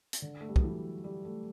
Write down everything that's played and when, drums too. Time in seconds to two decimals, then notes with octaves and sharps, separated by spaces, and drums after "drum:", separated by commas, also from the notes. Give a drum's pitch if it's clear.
0.13 drum: hi-hat
0.22 D3
0.41 A3
0.49 G3
0.56 F#3, drum: kick
0.64 E3
1.04 G3
1.25 A3